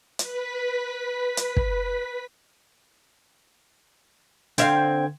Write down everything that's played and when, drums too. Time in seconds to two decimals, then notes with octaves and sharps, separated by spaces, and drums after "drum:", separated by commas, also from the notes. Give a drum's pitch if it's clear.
0.19 B4 B6, drum: hi-hat
1.37 drum: hi-hat
1.57 drum: kick
4.58 D3 C4 E5 F5 G5 G#6, drum: hi-hat